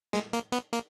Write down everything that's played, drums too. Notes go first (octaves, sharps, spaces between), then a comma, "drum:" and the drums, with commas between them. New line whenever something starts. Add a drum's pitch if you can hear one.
G#3, drum: snare
A#3, drum: hi-hat
B3, drum: hi-hat
A#3, drum: hi-hat